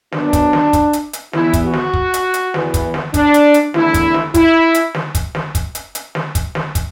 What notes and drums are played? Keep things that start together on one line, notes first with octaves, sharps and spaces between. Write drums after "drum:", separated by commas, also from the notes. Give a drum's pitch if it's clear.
F#2 F#3 B3 D4, drum: snare
drum: kick, hi-hat
drum: snare
drum: kick, hi-hat
drum: hi-hat
drum: hi-hat
E2 E3 B3 E4, drum: snare
drum: kick, hi-hat
F#4
drum: snare
drum: kick
drum: hi-hat
drum: hi-hat
E2 E3 B3, drum: snare
drum: kick, hi-hat
drum: snare
D4, drum: kick, hi-hat
drum: hi-hat
drum: hi-hat
E2 D3 A3 E4, drum: snare
drum: kick, hi-hat
drum: snare
E4, drum: kick, hi-hat
drum: hi-hat
drum: snare
drum: kick, hi-hat
drum: snare
drum: kick, hi-hat
drum: hi-hat
drum: hi-hat
drum: snare
drum: kick, hi-hat
drum: snare
drum: kick, hi-hat